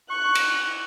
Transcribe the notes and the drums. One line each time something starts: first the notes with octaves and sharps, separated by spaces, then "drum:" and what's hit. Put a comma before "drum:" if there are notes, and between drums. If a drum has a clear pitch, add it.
C#6 F#6
drum: cymbal